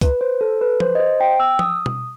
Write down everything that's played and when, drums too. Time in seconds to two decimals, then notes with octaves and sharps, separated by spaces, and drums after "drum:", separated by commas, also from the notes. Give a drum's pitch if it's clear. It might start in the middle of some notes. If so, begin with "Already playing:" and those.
0.01 B4, drum: kick C#2, hi-hat
0.21 C5
0.41 A4
0.61 B4
0.80 C5, drum: tom F3
0.95 D#5
1.00 C5
1.20 G5
1.40 E6
1.59 D#6, drum: tom F3
1.86 drum: tom B2